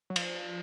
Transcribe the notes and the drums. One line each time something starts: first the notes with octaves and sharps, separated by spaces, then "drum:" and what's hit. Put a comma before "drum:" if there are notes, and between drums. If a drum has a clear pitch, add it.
F#3
F3, drum: cymbal